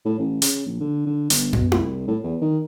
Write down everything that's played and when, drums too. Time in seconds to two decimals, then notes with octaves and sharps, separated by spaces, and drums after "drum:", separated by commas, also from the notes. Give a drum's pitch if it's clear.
0.05 A2
0.18 A1
0.42 C#3, drum: hi-hat
0.66 A#1
0.79 D3
1.06 D3
1.30 G1, drum: hi-hat
1.53 B2, drum: tom
1.72 C2, drum: tom E4
2.07 A2
2.23 E2
2.41 D#3